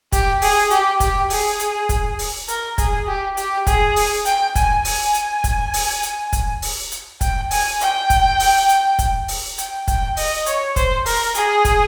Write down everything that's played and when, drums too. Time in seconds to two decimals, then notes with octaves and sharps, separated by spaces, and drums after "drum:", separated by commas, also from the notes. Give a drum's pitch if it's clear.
0.12 G4, drum: kick, hi-hat
0.42 G#4, drum: open hi-hat
0.71 G4, drum: hi-hat
1.00 G4, drum: kick, hi-hat
1.30 G#4, drum: open hi-hat
1.60 drum: hi-hat
1.89 drum: kick, hi-hat
2.19 drum: open hi-hat
2.48 A#4, drum: hi-hat
2.78 G#4, drum: kick, hi-hat
3.07 G4
3.37 G4, drum: hi-hat
3.67 G#4, drum: kick, hi-hat
3.96 drum: open hi-hat
4.25 G5, drum: hi-hat
4.55 G#5, drum: kick, hi-hat
4.85 G#5, drum: open hi-hat
5.14 drum: hi-hat
5.44 drum: kick, hi-hat
5.73 drum: open hi-hat
6.03 drum: hi-hat
6.33 drum: kick, hi-hat
6.62 drum: open hi-hat
6.92 drum: hi-hat
7.21 G5, drum: kick, hi-hat
7.51 G#5, drum: open hi-hat
7.81 G5, drum: hi-hat
8.10 drum: kick, hi-hat
8.40 drum: open hi-hat
8.69 drum: hi-hat
8.99 drum: kick, hi-hat
9.28 drum: open hi-hat
9.58 G5, drum: hi-hat
9.88 G5, drum: kick, hi-hat
10.17 D#5, drum: open hi-hat
10.46 C#5, drum: hi-hat
10.76 C5, drum: kick, hi-hat
11.06 A#4, drum: open hi-hat
11.35 G#4, drum: hi-hat
11.65 drum: kick, hi-hat